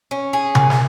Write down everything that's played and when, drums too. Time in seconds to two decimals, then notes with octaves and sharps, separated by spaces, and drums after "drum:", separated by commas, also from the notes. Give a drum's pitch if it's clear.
0.11 C#4
0.33 G#4
0.55 A#2, drum: tom C3
0.70 drum: snare